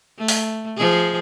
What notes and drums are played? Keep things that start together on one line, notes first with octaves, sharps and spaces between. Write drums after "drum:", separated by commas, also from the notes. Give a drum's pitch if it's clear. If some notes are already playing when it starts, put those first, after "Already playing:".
A3
drum: open hi-hat
F3 G#4